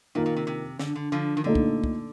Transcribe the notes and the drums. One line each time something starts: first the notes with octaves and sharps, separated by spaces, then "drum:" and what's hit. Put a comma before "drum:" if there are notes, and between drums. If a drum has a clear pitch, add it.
A#2 D#3 A#3 F4 A#4
A#2
C3
C3
D3, drum: snare
D3
D3 F3
D#3
A#2 D3 A3 D#4 A4
drum: kick
drum: kick